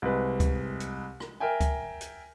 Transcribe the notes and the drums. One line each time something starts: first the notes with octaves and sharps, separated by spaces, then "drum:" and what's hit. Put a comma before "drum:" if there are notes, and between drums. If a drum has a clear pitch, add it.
C2 G#3 B4
drum: kick C#2, hi-hat
drum: hi-hat
drum: rim click
A#4 E5 G5 G#5
drum: kick C#2, hi-hat
drum: hi-hat